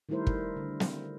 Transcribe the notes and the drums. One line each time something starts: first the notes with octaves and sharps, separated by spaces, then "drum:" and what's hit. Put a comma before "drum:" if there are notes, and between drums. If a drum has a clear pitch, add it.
D#3 G3 A3 E4 A#4 C5
drum: kick
D3
drum: snare